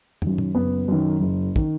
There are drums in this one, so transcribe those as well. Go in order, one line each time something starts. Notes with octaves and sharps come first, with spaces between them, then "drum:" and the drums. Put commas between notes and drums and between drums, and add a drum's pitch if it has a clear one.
F#2 D#3, drum: tom
drum: tom
F#1 B3
F#2 D#3
F#1
D#3, drum: kick